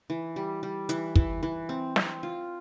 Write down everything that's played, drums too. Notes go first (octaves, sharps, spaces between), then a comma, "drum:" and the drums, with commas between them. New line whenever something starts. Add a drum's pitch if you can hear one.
E3
G3
G3
E3, drum: hi-hat
E3, drum: kick
E3
C4
C4, drum: snare
F4